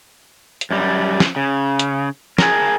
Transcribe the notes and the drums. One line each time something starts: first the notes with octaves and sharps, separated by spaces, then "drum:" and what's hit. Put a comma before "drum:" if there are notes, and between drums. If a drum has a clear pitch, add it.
drum: hi-hat
F#2 G3
drum: snare
C#3
drum: hi-hat
G#4 A#4, drum: snare